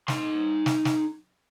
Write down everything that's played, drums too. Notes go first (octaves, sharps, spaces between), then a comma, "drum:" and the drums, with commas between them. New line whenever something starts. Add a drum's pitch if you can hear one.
D#4 C6, drum: snare
drum: snare
drum: snare